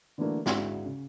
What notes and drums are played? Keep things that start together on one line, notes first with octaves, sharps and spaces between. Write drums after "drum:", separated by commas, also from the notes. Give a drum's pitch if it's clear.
D3 E3 F#3 A3 A#3 D4
G#1 D3 G#3 E4 F#4, drum: snare
C#3